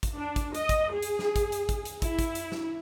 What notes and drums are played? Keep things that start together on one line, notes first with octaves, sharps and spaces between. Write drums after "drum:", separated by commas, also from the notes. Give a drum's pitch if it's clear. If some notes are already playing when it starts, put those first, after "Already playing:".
drum: kick, hi-hat
D4
drum: kick, hi-hat
D#5, drum: hi-hat
drum: kick, hi-hat
G#4
drum: hi-hat
drum: snare
drum: kick, hi-hat
drum: hi-hat
drum: kick, hi-hat
drum: hi-hat
E4, drum: kick, hi-hat
drum: kick, hi-hat
drum: hi-hat
drum: snare